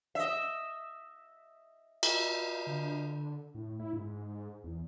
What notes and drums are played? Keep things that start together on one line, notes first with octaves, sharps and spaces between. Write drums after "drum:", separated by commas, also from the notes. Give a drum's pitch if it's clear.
D#5 E5
drum: cymbal
D3
A2
E4
G#2
E2